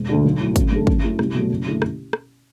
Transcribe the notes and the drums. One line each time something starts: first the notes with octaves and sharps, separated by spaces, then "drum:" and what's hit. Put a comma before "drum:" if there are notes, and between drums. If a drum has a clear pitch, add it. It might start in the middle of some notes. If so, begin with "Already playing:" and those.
Already playing: E1
D2 D3
B1
A2 F#3
A1, drum: kick, hi-hat
G2 D3 A3
F#2, drum: kick
F#3 A3 E4
C2, drum: rim click
B2 F#3 A3
F#1
D3 A3 E4
drum: rim click
drum: rim click